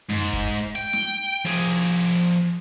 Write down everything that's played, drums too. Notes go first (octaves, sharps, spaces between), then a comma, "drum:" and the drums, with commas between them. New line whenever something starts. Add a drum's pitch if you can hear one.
G#2, drum: tom F#2
drum: kick
G5
drum: snare
F3 G#4, drum: open hi-hat